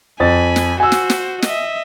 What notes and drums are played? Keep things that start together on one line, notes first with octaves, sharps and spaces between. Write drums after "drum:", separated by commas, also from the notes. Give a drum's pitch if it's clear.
F2 G#5 B5 A6
drum: snare
F#4 C5 G#5 E6
drum: snare
drum: snare
D#5 E5, drum: snare